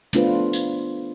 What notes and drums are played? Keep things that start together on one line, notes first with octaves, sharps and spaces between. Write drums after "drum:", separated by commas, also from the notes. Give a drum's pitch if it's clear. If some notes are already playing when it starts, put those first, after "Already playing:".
A3 B3 D4 F4 B4 C5, drum: hi-hat
drum: tambourine